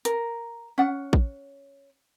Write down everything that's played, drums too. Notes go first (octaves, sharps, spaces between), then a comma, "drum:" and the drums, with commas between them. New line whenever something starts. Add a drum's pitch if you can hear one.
A#4, drum: hi-hat
C#4 F#5
drum: kick